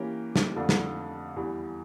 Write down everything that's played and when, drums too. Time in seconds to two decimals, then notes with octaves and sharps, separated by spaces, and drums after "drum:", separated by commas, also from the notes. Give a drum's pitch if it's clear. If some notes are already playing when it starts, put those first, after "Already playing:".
Already playing: E3 A#3 C#4 G4 A#4
0.36 drum: snare
0.56 F2 D3 A3 D4 F4
0.69 drum: snare
1.36 E2 E3 G3